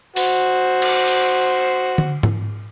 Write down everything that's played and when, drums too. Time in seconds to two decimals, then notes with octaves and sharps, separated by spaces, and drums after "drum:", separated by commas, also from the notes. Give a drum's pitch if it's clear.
0.16 F#4 C5, drum: open hi-hat
0.82 drum: cymbal
1.08 drum: hi-hat
1.98 drum: tom D3
2.23 drum: tom G#2